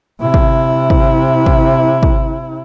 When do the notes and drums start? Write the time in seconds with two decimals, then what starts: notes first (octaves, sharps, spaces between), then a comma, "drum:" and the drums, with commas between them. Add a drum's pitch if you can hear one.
0.20 C3 E4
0.34 drum: kick
0.90 drum: kick
1.46 drum: kick
2.03 drum: kick